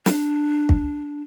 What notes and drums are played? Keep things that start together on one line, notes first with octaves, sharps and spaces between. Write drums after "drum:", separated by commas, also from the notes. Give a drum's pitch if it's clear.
D4, drum: snare
drum: kick